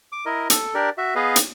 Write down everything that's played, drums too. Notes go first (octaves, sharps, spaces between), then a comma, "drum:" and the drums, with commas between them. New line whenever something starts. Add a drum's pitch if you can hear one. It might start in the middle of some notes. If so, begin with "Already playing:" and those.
D6
E4 A#4 D#5
A4, drum: hi-hat
D4 G4 A#4 D5
F#4 E5
B3 G#4 B4 D#5 F5
drum: hi-hat